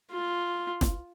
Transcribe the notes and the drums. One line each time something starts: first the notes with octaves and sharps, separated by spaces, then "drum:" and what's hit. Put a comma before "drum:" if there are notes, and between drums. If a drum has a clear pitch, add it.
F4
drum: snare